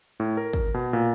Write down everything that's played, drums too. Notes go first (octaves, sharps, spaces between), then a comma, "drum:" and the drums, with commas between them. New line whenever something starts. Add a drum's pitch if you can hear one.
A2
A#4
drum: kick
B2
A#2